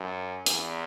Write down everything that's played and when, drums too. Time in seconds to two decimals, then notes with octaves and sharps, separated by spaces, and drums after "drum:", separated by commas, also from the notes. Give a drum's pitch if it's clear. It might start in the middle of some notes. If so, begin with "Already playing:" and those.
Already playing: F#2
0.46 E2, drum: hi-hat